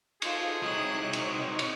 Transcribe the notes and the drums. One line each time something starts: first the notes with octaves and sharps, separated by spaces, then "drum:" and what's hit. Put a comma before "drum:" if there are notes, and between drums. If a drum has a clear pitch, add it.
F4 G#4 A4, drum: cymbal
C3 D#4 E4 C#5 F#6
drum: cymbal
drum: cymbal